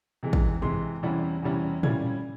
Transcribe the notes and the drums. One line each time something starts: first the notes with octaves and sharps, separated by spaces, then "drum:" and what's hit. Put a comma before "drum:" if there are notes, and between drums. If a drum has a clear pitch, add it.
C3 E3 G#3
drum: kick
C3 E3 G#3 C6, drum: tom
E2 C3 G3 C#4 E4
E2 C3 G3 C#4 E4
A#2 G3 C#4 E4 G#6, drum: tom